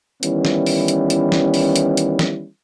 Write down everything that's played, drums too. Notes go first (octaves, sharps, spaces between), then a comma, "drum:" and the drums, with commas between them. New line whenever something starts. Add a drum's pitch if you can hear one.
D#3 E3 G3 B3 C#4 E4, drum: hi-hat
drum: snare
drum: open hi-hat
drum: hi-hat
drum: hi-hat
drum: snare
drum: open hi-hat
drum: hi-hat
drum: hi-hat
drum: snare